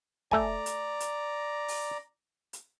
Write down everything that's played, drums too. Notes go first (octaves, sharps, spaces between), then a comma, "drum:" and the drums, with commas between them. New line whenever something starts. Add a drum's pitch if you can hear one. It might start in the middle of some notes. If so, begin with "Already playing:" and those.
A3 D5 G#5 A#5, drum: kick
drum: hi-hat
drum: hi-hat
drum: open hi-hat
drum: hi-hat